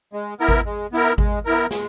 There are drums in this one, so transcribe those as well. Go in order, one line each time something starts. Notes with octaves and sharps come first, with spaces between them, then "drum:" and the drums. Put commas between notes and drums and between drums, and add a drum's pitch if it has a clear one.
G#3
B3 E4 A#4
drum: kick G#1
G#3
B3 E4 A#4
G#3, drum: kick G#1
B3 E4 A#4
G#3, drum: snare